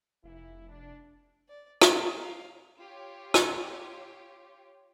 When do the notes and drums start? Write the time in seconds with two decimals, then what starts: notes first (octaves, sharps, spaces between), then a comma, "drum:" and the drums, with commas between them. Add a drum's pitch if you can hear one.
0.24 F1 E3 A#3 E4
0.67 D4
1.49 D5
1.82 C#5, drum: rim click
2.21 F5
2.80 F4 G4 C#5
3.34 drum: rim click